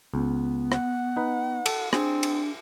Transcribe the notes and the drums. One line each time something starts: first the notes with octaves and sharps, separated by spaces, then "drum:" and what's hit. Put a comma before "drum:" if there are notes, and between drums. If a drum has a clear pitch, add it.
C#2 B3
F#5, drum: rim click
D#4 B4
A4, drum: cymbal
C4 D4 G#4, drum: rim click
drum: cymbal